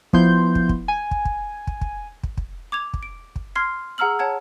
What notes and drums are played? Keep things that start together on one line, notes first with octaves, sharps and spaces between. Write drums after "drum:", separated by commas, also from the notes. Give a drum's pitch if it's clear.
F3 B3 E4 C6 G6, drum: kick
drum: kick
drum: kick
G#5
drum: kick
drum: kick
drum: kick
drum: kick
drum: kick
drum: kick
D6 G#6 F7
drum: kick
D7
drum: kick
C6 F6 G#6 C7
G#4 F#5 A#5 E6 F6 F#7
C#5 F#5 A5 G#6